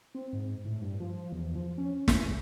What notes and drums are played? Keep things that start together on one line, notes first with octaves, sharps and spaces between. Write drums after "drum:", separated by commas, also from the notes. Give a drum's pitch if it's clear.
C4
G#2
A2
G2
F3
E2
F3
C#4
F#2, drum: snare
C2